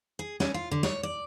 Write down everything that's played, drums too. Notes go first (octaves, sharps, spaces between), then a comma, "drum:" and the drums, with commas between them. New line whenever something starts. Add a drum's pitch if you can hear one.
G#4
C#4, drum: snare
F4
D3
C#5, drum: snare
D5